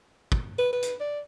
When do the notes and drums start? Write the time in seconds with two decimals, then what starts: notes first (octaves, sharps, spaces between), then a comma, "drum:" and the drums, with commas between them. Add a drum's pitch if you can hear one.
0.32 drum: kick
0.58 B4
0.73 B4
0.83 drum: hi-hat
1.00 D5